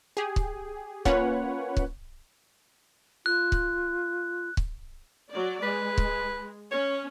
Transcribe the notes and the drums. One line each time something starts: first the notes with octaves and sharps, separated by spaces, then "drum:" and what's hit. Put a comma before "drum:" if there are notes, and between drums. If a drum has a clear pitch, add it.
G4 G#4
drum: kick C#1
A#3 C#4 F4 B4 C#5 F#5, drum: kick C#1
drum: kick C#1
F4 F#6
drum: kick C#1
drum: kick C#1
F#3 D5
G#3 B4
drum: kick C#1
C#4 C#5